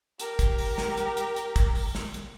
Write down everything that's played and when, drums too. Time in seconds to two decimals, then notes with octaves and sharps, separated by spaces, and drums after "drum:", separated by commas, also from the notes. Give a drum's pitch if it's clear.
0.20 G4 A#4, drum: hi-hat
0.39 drum: kick, hi-hat
0.58 drum: open hi-hat
0.78 drum: snare
0.97 drum: hi-hat
1.17 drum: hi-hat
1.36 drum: hi-hat
1.56 drum: kick, hi-hat
1.75 drum: open hi-hat
1.95 drum: snare
2.14 drum: hi-hat